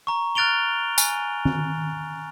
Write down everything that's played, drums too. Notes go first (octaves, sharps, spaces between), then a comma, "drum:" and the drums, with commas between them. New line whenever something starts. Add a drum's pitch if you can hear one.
A#5 C#6
F6 F#6 A6 D7 F7 G7
G#5, drum: tambourine
drum: tom D#3